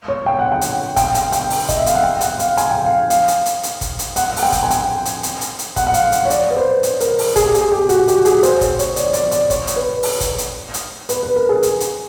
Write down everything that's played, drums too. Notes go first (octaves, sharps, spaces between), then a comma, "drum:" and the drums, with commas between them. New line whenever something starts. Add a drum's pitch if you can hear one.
C#5
G5
F#5
G5
drum: hi-hat
G5, drum: kick, hi-hat
G5, drum: hi-hat
G5, drum: hi-hat
drum: open hi-hat
D#5, drum: kick, hi-hat
E5
F5, drum: hi-hat
F#5
G5
F#5, drum: hi-hat
F5, drum: hi-hat
G#5, drum: hi-hat
G5
F5
F5, drum: hi-hat
drum: hi-hat
drum: hi-hat
drum: hi-hat
drum: kick, hi-hat
drum: hi-hat
F#5, drum: hi-hat
F#5, drum: open hi-hat
G5
drum: kick, hi-hat
G#5
G5, drum: hi-hat
drum: hi-hat
drum: hi-hat
drum: hi-hat
drum: hi-hat
F#5, drum: kick, hi-hat
F#5
F5, drum: hi-hat
drum: hi-hat
C#5
D5, drum: hi-hat
B4
C5
drum: hi-hat
A#4, drum: hi-hat
drum: open hi-hat
G#4, drum: kick, hi-hat
G4
G#4, drum: hi-hat
G4
F#4, drum: hi-hat
G4, drum: hi-hat
G#4, drum: hi-hat
C5, drum: hi-hat
C#5, drum: kick, hi-hat
C#5, drum: hi-hat
D5, drum: hi-hat
C#5
D5, drum: hi-hat
D5, drum: hi-hat
C#5, drum: kick, hi-hat
drum: hi-hat
B4
drum: open hi-hat
drum: kick, hi-hat
drum: hi-hat
drum: hi-hat
B4, drum: hi-hat
B4
A#4
G#4
drum: hi-hat
drum: hi-hat